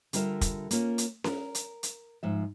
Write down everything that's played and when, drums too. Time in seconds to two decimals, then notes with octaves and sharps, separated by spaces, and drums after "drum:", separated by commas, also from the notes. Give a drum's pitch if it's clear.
0.13 D3 G3 F4 A#4 E5, drum: hi-hat
0.41 drum: kick, hi-hat
0.71 A#3 C#4 F4, drum: hi-hat
0.98 drum: hi-hat
1.24 A#4, drum: snare C#4
1.55 drum: hi-hat
1.83 drum: hi-hat
2.23 G#2 F3 E5